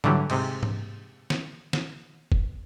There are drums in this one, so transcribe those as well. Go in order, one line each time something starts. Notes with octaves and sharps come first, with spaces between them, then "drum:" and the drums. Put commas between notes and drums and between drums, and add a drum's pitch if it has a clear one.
D3 E3 F#3 G3, drum: tom G#2
G#2 C3, drum: cymbal
drum: tom G#2
drum: snare
drum: snare
drum: kick F1